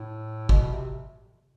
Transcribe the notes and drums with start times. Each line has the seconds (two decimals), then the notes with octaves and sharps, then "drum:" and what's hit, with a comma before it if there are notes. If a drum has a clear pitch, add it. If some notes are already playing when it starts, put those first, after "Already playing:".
Already playing: A2
0.49 B2, drum: kick
0.72 C3